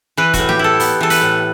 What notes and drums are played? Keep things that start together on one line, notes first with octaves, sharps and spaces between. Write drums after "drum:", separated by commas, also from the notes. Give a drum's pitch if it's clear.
E3 B4
A2 F#4, drum: kick, hi-hat
G4, drum: snare
E4 A4
B3, drum: open hi-hat
E3 A4
B4, drum: open hi-hat
A2